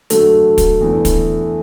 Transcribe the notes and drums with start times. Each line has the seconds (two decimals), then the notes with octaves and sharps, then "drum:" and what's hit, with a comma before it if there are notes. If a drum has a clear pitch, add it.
0.10 D3 F#3 A3 A4, drum: hi-hat
0.58 drum: kick, hi-hat
0.81 E2 D3 A3 E4
1.05 drum: kick, hi-hat